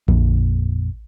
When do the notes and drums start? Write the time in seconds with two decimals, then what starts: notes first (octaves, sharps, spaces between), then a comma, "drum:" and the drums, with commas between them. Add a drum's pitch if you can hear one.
0.08 F2 A#2 D3, drum: kick A#1